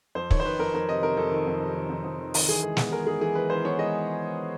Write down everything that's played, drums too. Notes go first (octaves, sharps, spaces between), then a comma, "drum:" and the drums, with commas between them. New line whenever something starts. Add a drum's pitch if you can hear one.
F2 C5
D#3 C#5, drum: kick
C5
D#3 B4
F2 A#4
F2 A#4
C3 D#5
C3 A#4
F2 A4
D#3
F2
C3
D#3
F2
F2
D#3
D#3, drum: open hi-hat
E3 G#4
G#3 G#4
B3, drum: snare
G#3 A#4
G#3 G#4
E3 G#4
G#3 B4
E3 C5
B3 C#5
G#3 D#5